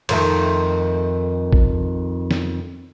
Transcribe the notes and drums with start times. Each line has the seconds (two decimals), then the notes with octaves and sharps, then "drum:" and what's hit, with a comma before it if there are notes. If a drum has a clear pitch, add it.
0.09 F2 D#3 A3, drum: cymbal
1.53 drum: kick A1
2.31 drum: snare